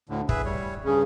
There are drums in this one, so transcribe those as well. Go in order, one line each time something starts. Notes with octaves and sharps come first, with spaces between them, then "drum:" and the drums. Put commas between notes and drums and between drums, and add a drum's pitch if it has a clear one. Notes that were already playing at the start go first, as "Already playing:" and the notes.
D2 A2 D3
G#4 B4 E5, drum: kick
G3 C#5
G2 C#3 C#4 G#4